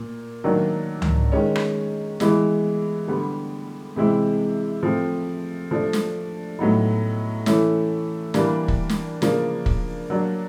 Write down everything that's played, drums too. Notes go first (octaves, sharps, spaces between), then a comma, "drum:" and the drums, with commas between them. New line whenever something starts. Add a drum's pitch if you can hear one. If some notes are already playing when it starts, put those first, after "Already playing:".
Already playing: A#2 A#3
D#3 F#3 A#3 D4
drum: tom C#2
D#3 G#3 C#4
drum: rim click
E3 G#3 B3 E4, drum: snare
D3 G3 B3
C3 E3 G#3 C4 E4
F3 A3 C4
F3 A3 D4
drum: snare
A2 F#3 B3 D#4
E3 A3 C#4 E4, drum: snare
E3 G3 A#3 D4, drum: snare
drum: kick
drum: snare
C#3 F3 A#3 D4, drum: snare
drum: kick
F#3 A#3 D4